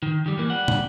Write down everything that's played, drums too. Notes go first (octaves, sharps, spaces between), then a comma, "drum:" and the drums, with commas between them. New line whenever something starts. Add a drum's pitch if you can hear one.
D#3
D#3 G3
E3 A#3
G3 F#5
drum: tom